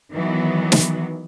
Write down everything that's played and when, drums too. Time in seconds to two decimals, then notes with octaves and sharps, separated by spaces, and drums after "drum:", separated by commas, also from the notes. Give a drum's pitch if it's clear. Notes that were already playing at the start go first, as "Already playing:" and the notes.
0.12 D#3 E3 F#3 B3
0.72 drum: snare